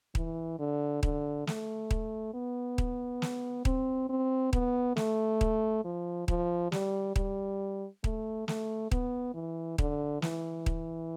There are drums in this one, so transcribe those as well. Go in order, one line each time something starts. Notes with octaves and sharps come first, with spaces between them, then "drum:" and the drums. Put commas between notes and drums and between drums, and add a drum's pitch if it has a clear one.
E3, drum: kick D#1
D3
D3, drum: kick D#1
A3, drum: snare
drum: kick D#1
B3
drum: kick D#1
drum: snare
C4, drum: kick D#1
C4
B3, drum: kick D#1
A3, drum: snare
drum: kick D#1
F3
F3, drum: kick D#1
G3, drum: snare
G3, drum: kick D#1
A3, drum: kick D#1
A3, drum: snare
B3, drum: kick D#1
E3
D3, drum: kick D#1
E3, drum: snare
drum: kick D#1